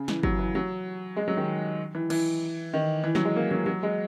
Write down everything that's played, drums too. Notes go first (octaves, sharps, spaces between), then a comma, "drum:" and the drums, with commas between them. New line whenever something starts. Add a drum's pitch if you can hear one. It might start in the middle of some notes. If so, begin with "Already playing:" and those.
Already playing: C#3
E3, drum: snare
F#3, drum: kick G1
E3
F#3
G#3
F#3
D#3
E3
E3, drum: cymbal
D#3
E3
F#3, drum: snare
G#3
A#3
F#3
F#3
G#3